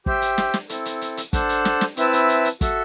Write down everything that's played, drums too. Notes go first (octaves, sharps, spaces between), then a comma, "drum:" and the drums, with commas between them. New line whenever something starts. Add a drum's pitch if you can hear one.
G4 C5 E5 G5, drum: kick
drum: hi-hat
drum: snare
drum: snare
C4 E4 A4, drum: hi-hat
drum: hi-hat
drum: hi-hat
drum: hi-hat
D4 A4 C5 F#5 A5, drum: kick, hi-hat
drum: hi-hat
drum: snare
drum: snare
C4 E4 B4 E5 A5, drum: hi-hat
drum: hi-hat
drum: hi-hat
drum: hi-hat
F#4 A4 E5, drum: kick, hi-hat